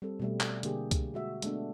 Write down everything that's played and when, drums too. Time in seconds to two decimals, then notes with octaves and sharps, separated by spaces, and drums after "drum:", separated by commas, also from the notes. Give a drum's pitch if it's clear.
0.02 G3 C4 A4
0.20 B2 G3 A3
0.40 drum: clap
0.63 D3 A#3 G4 G#4, drum: hi-hat
0.91 drum: kick C2, hi-hat
1.14 G#3 F#4 E5
1.42 G#3 A3 B3 D4, drum: hi-hat